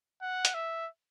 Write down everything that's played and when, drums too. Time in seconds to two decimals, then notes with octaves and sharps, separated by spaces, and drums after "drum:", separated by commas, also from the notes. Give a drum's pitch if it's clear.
0.22 F#5
0.45 drum: hi-hat
0.54 E5